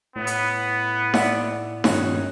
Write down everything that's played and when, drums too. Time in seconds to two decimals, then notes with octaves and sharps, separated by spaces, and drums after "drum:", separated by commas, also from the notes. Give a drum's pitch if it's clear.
0.16 A2 B3 E4
0.27 drum: hi-hat
1.14 D5 E5 F#5, drum: snare D#4
1.84 G2 A#2 D#3 C#4 D#4 F#4, drum: snare D#4